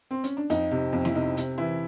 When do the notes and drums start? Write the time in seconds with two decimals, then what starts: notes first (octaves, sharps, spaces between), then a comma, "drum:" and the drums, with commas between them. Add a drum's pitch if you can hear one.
0.11 C4
0.24 C#4, drum: hi-hat
0.37 D4
0.50 F2 D#4, drum: hi-hat
0.71 C3
0.93 F2
1.05 E4, drum: snare
1.15 C3 D#4
1.37 C3, drum: hi-hat
1.58 E3 E4